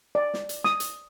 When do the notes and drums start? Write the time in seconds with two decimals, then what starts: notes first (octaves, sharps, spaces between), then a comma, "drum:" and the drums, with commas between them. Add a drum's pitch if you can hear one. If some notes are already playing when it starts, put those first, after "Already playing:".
0.15 D5
0.34 drum: snare
0.49 drum: hi-hat
0.64 D#6, drum: snare
0.80 drum: hi-hat